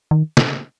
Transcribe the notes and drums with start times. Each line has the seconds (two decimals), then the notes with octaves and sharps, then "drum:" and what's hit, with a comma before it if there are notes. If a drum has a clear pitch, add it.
0.11 D#3
0.37 drum: snare